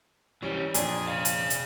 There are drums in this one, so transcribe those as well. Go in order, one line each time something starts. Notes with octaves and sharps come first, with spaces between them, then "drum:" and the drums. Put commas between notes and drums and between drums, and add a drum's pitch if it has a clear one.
E3 G3 C#4
F2 A#2 D4 G#4, drum: hi-hat
G#4 F5
drum: hi-hat
drum: hi-hat